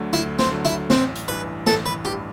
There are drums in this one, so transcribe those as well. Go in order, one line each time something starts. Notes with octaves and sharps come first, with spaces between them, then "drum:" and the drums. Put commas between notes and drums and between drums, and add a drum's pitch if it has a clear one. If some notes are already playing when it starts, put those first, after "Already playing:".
Already playing: D2 D3 F#3 A3
D2 E4, drum: hi-hat
C4, drum: snare
D3 F#3 A3
E4, drum: hi-hat
A1 C4, drum: snare
drum: hi-hat
G2 E3 B4
A1 A4, drum: snare
B4
G2 E3 G4